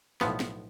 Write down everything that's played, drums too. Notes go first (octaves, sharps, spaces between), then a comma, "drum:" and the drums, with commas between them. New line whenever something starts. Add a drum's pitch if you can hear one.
B1 A2 F3 B3, drum: snare
drum: snare